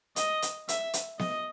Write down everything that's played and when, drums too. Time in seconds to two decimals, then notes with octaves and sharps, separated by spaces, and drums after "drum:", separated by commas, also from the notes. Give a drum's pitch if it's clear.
0.16 D#5, drum: hi-hat
0.42 drum: hi-hat
0.69 E5, drum: hi-hat
0.93 drum: hi-hat
1.19 D#5, drum: snare B3